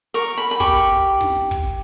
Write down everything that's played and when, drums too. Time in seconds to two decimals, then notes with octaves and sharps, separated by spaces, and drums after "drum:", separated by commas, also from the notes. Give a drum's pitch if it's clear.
0.14 A#4 C#6
0.38 B5
0.51 B5
0.60 G4 C#6, drum: kick, hi-hat
1.21 drum: snare
1.51 drum: kick, hi-hat